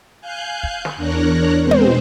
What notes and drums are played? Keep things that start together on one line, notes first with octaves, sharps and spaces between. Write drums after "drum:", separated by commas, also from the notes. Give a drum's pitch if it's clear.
F5 G#5 F#6 G6
drum: kick
drum: snare
E2 D4 A#4 C#5 A#5 F#6
B2 G#3 B3 C4 C5
drum: tom